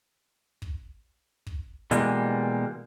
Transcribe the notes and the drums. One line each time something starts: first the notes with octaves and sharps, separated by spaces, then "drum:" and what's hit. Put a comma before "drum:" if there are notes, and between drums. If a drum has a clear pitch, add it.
drum: kick
drum: kick
B2 E3 G3 G#3 A#3, drum: hi-hat